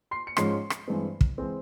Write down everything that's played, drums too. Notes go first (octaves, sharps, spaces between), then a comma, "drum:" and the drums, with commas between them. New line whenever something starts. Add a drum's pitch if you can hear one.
C6 C7
C#7
G#2 F3 G#3 C#4 C6 C7, drum: rim click
drum: rim click
G2 E3 G#3 C4
drum: kick
E3 G#3 C4